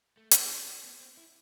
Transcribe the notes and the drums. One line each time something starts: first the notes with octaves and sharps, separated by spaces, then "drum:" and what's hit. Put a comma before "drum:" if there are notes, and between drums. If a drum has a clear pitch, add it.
A3
drum: hi-hat
B3
C4
B3
C4
E4